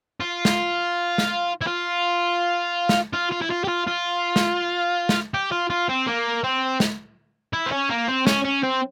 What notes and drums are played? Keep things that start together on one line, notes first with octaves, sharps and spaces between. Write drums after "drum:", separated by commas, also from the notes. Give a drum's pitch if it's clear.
F4
drum: snare
drum: snare
E4
F4
drum: snare
F4
F4
E4
F4
G4
F4
F4
drum: snare
drum: snare
G4
F4
F4
C4
A#3
C4
drum: snare
E4
C4
C#4
A#3
C4
C#4, drum: snare
C#4
C4